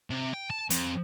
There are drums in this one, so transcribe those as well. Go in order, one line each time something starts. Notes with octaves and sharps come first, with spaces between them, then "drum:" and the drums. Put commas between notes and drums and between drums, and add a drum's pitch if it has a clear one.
C3
G5
A5
F2, drum: hi-hat